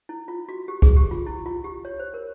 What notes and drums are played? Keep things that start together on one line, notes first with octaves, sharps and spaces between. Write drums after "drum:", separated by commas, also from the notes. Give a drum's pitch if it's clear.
E4
F4
F#4
G4
G#4, drum: kick
G4
F4
E4
F4
G4
C#5
C5
A#4